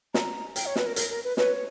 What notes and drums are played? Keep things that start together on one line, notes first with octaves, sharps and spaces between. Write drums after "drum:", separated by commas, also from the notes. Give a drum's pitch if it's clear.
A#5, drum: snare
G5, drum: hi-hat
C#5
B4, drum: snare
A#4
A#4, drum: hi-hat
A#4
B4
B4 C#5, drum: snare